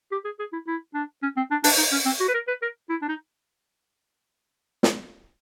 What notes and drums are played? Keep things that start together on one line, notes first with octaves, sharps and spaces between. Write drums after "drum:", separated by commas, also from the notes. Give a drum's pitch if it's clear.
G4
G#4
G#4
E4
E4
D4
C#4
C4
D4
D4, drum: open hi-hat
D#4
C#4
C4
F#4
B4
A#4
B4
A#4
E4
D4
D#4
drum: snare